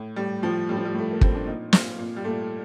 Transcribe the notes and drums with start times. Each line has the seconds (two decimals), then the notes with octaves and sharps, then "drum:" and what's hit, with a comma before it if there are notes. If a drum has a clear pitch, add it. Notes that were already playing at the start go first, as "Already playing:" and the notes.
Already playing: A2
0.16 A2 G3
0.42 A2 F3
0.69 A2 G3
0.77 F3
0.85 G3
0.94 A2 A3
1.11 A#3
1.21 A2 C4, drum: kick
1.35 D4
1.46 A#2 D#4
1.73 A#2 F4, drum: snare
1.99 A#2
2.16 G3
2.24 A#2 A3